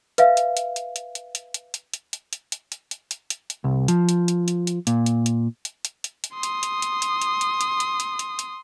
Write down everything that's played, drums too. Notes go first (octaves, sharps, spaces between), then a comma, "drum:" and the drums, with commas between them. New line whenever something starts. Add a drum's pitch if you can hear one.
B4 E5 F5, drum: hi-hat
drum: hi-hat
drum: hi-hat
drum: hi-hat
drum: hi-hat
drum: hi-hat
drum: hi-hat
drum: hi-hat
drum: hi-hat
drum: hi-hat
drum: hi-hat
drum: hi-hat
drum: hi-hat
drum: hi-hat
drum: hi-hat
drum: hi-hat
drum: hi-hat
drum: hi-hat
C2
F3, drum: hi-hat
drum: hi-hat
drum: hi-hat
drum: hi-hat
drum: hi-hat
A#2, drum: hi-hat
drum: hi-hat
drum: hi-hat
drum: hi-hat
drum: hi-hat
drum: hi-hat
drum: hi-hat
C6 D#6
drum: hi-hat
drum: hi-hat
drum: hi-hat
drum: hi-hat
drum: hi-hat
drum: hi-hat
drum: hi-hat
drum: hi-hat
drum: hi-hat
drum: hi-hat
drum: hi-hat